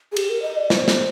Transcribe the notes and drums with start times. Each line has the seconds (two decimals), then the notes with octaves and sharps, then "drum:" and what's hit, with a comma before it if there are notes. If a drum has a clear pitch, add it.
0.12 G#4
0.16 G4, drum: cymbal
0.29 A#4
0.42 D#5
0.57 D5
0.70 C5, drum: snare
0.88 drum: snare